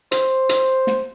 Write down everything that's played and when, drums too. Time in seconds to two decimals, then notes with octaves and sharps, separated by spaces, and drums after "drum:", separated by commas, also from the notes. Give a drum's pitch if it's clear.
0.12 C5, drum: hi-hat
0.49 drum: hi-hat
0.87 drum: snare